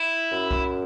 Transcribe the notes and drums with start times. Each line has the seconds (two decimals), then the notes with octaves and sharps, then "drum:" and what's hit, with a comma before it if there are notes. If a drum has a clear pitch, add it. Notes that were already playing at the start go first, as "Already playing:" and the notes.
Already playing: E4
0.32 F#2
0.51 drum: kick